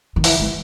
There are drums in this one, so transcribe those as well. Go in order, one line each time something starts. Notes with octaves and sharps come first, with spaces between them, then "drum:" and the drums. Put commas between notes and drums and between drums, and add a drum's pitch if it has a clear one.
D#3
E3, drum: open hi-hat
G#3